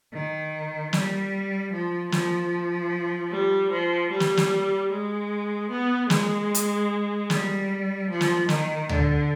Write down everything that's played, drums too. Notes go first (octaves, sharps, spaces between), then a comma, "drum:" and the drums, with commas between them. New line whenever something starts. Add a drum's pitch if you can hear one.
D#3
G3, drum: snare
F3
F3, drum: snare
G3
F3
G3
drum: snare
drum: snare
G#3
B3
G#3, drum: snare
drum: hi-hat
G3, drum: snare
F3
drum: snare
D#3, drum: snare
D3, drum: tom D2